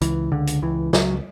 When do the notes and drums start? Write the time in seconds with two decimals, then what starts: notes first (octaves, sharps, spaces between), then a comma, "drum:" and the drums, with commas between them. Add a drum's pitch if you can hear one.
0.01 C#2 E3, drum: hi-hat
0.32 C#2 D3
0.47 drum: hi-hat
0.62 C#2 E3
0.93 C#2 F#3, drum: snare